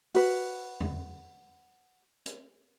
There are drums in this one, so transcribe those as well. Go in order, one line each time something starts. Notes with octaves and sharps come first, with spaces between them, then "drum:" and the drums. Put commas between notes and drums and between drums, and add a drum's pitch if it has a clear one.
F#4 B4, drum: open hi-hat
drum: tom E2
drum: hi-hat